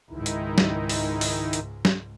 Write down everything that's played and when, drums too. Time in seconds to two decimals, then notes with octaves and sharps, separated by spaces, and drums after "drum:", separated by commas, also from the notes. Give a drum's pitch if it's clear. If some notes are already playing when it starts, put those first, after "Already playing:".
0.10 C#2 G#2 D#3 D#4 E4
0.26 drum: hi-hat
0.58 drum: snare
0.89 drum: open hi-hat
1.21 drum: open hi-hat
1.53 drum: hi-hat
1.85 drum: snare